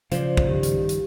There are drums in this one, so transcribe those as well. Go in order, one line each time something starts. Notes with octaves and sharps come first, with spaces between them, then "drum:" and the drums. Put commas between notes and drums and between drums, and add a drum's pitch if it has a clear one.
C#3 F3 F4 C5 D5, drum: hi-hat
drum: kick
G2 D#3 G4
drum: hi-hat
drum: hi-hat